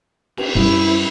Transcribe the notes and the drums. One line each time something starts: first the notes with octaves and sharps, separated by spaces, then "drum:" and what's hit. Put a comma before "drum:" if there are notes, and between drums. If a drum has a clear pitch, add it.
drum: cymbal
F#2 G3 E4